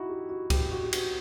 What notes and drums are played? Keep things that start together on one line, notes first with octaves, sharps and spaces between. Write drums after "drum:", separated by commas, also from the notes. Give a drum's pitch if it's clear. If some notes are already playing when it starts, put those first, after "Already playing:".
Already playing: D#4 E4 F#4
G4
F#4
G4, drum: kick C#2, cymbal
F#4
G4
F#4, drum: cymbal